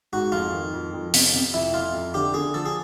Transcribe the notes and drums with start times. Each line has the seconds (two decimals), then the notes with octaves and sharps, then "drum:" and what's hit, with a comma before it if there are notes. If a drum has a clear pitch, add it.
0.13 G#2 F#4
0.32 F2 F4
0.53 D#3
0.74 F2
0.94 F2
1.14 C3, drum: open hi-hat
1.34 C3
1.54 F2 E4
1.74 F2 F4
1.94 F2
2.14 D3 G4
2.34 D3 G#4
2.54 F3 A4
2.66 G#4